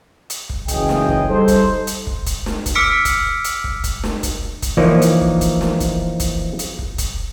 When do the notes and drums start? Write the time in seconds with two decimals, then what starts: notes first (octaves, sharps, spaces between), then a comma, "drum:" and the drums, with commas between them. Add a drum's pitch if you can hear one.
0.30 drum: hi-hat
0.50 drum: kick
0.68 F#1 C#3 E3 G#4 D#5 G5, drum: kick, hi-hat
0.89 drum: snare
1.09 drum: kick
1.28 G3 D#4 A4 C5
1.48 drum: kick, hi-hat
1.87 drum: hi-hat
2.07 drum: kick
2.27 drum: kick, hi-hat
2.46 drum: snare
2.66 drum: kick, hi-hat
2.75 D6 E6 F6 B6 C#7 D7
3.05 drum: kick, hi-hat
3.44 drum: hi-hat
3.64 drum: kick
3.84 drum: kick, hi-hat
4.03 drum: snare
4.23 drum: kick, hi-hat
4.62 drum: kick, hi-hat
4.77 E3 F3 A#3 D#4 C#5 D5
5.02 drum: hi-hat
5.21 drum: kick
5.41 drum: kick, hi-hat
5.61 drum: snare
5.80 drum: kick, hi-hat
6.20 drum: kick, hi-hat
6.59 drum: hi-hat
6.79 drum: kick
6.98 drum: kick, hi-hat